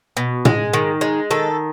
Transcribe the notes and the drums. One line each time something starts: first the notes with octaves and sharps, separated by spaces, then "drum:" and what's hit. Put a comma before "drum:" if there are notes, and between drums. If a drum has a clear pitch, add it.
B2
G#3, drum: tom
D#3
G#3
D#3 A4